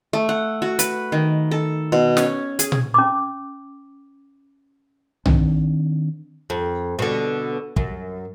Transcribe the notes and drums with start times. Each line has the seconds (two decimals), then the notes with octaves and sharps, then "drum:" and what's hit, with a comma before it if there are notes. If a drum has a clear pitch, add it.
0.13 A3
0.29 F#5
0.62 F#4
0.79 B4, drum: hi-hat
1.12 D#3
1.51 A4
1.92 B2
2.17 C#4, drum: snare
2.59 G#4, drum: hi-hat
2.72 drum: tom A#2
2.94 C#4 D6
5.26 D#3 C4 D4, drum: tom B1
6.50 F2
6.99 B2 D3
7.76 F#2, drum: kick